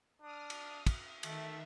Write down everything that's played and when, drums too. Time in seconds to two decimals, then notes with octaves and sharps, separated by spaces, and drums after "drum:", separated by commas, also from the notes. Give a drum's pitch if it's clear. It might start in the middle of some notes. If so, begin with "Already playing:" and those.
0.22 D4 D#6 F6
0.50 drum: cymbal
0.87 drum: kick, cymbal
1.23 D#3 A3 E5, drum: cymbal